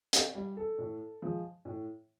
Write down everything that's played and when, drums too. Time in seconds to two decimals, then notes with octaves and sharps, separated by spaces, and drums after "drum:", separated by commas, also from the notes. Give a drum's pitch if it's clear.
0.13 G4, drum: hi-hat
0.35 G3
0.57 A4
0.78 A2
1.22 F3 G#3
1.65 A2